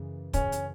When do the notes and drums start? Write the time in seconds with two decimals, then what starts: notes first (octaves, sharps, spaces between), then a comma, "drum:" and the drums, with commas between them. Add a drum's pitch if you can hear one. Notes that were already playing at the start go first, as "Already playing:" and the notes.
Already playing: F#2 C#3 E3
0.33 F#2 C#3 E3 C#4, drum: kick, hi-hat
0.52 drum: hi-hat